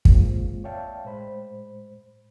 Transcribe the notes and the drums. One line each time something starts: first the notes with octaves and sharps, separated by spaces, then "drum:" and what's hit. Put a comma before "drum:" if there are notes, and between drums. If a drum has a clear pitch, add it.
G#3 A#3 C4 F4, drum: kick
C#5 D5 E5 F5 G5 A5
A2 G#3 C5 B5